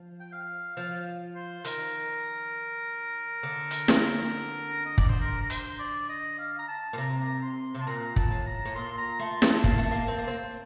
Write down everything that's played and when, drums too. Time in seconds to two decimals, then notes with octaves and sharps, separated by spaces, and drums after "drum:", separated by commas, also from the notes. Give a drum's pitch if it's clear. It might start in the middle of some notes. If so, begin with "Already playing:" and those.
Already playing: F3
0.20 G5
0.32 F5
0.76 F3 F5
1.36 C5
1.64 D#3 A#4, drum: hi-hat
3.43 D3
3.71 drum: hi-hat
3.88 drum: snare
4.86 D#5
4.98 D5, drum: kick
5.09 C5
5.21 A#4
5.41 A#4
5.50 C5, drum: hi-hat
5.79 D5
6.09 D#5
6.39 F5
6.59 A#5
6.68 A5
6.93 A#2
6.98 C3 A#5
7.42 C6
7.74 C3
7.81 A5
7.87 A#2 A#5
8.16 A5, drum: kick
8.31 A2
8.46 A#5
8.65 A2
8.75 A#2 C6
8.98 A#5
9.19 A3 C6
9.42 A5, drum: snare
9.64 A#3, drum: kick
9.78 A3
9.91 A#3
10.08 C4
10.18 A#3
10.28 C4